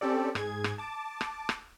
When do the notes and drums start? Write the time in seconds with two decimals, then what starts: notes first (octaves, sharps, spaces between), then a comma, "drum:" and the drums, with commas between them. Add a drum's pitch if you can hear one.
0.01 C4 C#4 G4 A4 D5
0.35 G#2 G#4 G#6, drum: rim click
0.64 drum: rim click
0.78 A5 D6
1.21 drum: rim click
1.49 drum: rim click